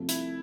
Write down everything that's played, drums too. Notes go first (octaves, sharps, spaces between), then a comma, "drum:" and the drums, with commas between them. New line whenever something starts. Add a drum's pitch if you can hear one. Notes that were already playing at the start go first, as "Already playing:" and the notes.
Already playing: C2 C3 F3 A3
E4, drum: hi-hat